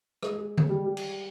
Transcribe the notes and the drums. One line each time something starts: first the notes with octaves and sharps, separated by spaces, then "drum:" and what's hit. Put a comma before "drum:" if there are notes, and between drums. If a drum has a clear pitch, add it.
G#3, drum: rim click
G#3
drum: tom D3
G3
G3
drum: cymbal